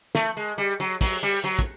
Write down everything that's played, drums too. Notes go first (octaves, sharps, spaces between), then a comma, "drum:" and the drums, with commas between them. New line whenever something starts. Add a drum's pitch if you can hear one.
A3, drum: snare
G#3
G3
F#3
F#3, drum: kick, open hi-hat
G3
F#3
drum: kick, hi-hat